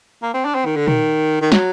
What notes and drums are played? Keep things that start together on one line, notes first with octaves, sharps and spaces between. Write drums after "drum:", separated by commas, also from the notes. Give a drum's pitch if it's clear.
A#3
C4
D4
C4
D#3
D3
D#3, drum: tom A#2
D#3
F#3, drum: snare